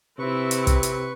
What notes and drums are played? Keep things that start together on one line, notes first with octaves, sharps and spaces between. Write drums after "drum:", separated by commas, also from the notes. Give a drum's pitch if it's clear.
C3 C4 E4 B4 C#6
drum: hi-hat
drum: kick, hi-hat
drum: hi-hat